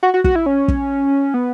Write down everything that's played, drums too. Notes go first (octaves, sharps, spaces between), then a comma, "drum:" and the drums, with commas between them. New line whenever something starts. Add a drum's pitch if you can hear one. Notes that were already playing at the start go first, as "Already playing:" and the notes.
F#4
F#4
F#4, drum: kick
E4
C#4
drum: kick
B3